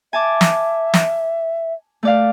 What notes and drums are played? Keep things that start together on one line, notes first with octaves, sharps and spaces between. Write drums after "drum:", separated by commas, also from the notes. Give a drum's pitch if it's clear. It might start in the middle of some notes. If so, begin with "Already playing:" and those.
E5 G#5 A5 D6
drum: snare
drum: snare
A3 D5 F5